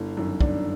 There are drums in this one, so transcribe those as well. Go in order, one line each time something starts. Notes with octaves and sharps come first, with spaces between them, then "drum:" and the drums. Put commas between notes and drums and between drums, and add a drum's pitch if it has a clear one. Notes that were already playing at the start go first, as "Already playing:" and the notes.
Already playing: G1 E4
F#2 D#3
G1 D4, drum: kick